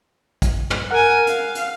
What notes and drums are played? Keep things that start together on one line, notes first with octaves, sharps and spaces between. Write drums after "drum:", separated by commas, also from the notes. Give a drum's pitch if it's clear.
drum: kick, hi-hat
drum: tom
A#4 F#5 G#5 F6 F#6
F5, drum: hi-hat
drum: hi-hat